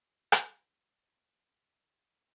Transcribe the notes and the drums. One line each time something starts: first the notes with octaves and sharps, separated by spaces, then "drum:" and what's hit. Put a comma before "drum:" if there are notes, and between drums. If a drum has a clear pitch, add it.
drum: rim click
E4 C#5 E5